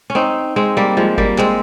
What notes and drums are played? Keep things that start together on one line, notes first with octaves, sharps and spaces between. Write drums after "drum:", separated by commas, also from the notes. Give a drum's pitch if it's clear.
C#4
C4 D#4
G#3 C4
G3 A#3
F3 G#3
G3 A#3, drum: kick G1
G#3 C4, drum: clap